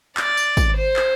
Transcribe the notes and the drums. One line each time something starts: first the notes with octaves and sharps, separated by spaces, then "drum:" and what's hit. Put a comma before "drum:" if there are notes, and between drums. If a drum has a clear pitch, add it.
D5, drum: clap
drum: tambourine
drum: kick, tambourine
C5
drum: clap